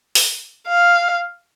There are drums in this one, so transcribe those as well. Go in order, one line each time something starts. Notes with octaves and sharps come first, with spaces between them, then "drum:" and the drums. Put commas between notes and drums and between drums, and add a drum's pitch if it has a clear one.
drum: open hi-hat
F5